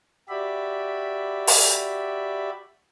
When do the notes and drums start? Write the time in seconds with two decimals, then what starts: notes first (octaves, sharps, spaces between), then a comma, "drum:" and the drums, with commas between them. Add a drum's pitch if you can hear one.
0.29 F#4 G4 D5 E5 B5
1.47 drum: open hi-hat